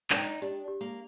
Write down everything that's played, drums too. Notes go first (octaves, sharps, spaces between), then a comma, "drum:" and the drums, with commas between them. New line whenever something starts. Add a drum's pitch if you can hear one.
D4, drum: clap
D#4 G5
D4 G4
G4
A#3